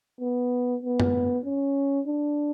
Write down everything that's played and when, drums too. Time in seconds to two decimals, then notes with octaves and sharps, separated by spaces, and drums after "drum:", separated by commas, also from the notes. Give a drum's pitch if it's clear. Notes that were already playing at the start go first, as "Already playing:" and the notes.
0.21 B3
0.83 B3
1.00 drum: tom
1.45 C#4
2.07 D4